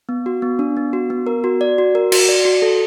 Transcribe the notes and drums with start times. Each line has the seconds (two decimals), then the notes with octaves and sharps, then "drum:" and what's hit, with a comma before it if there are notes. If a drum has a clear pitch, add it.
0.09 B3
0.26 F#4
0.42 B3
0.59 D4
0.77 B3
0.93 F#4
1.10 B3
1.27 A#4
1.44 F#4
1.61 D5
1.78 F#4
1.95 A#4
2.12 F#4, drum: cymbal
2.29 D5
2.45 F#4
2.62 A4